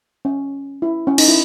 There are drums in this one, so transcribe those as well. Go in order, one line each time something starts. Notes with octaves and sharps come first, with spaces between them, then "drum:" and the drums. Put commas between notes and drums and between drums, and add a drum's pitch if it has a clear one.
C#4
E4
C#4
D#4, drum: cymbal
E4